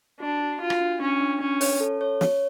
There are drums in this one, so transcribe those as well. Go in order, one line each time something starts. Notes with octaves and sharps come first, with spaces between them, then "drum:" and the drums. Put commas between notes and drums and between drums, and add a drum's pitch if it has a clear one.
D4 F#4
F#4
F4 F#4
drum: rim click
D4
C#4 D4
D4
C#4 D4
C#5, drum: open hi-hat
A4
C#5
C#5, drum: snare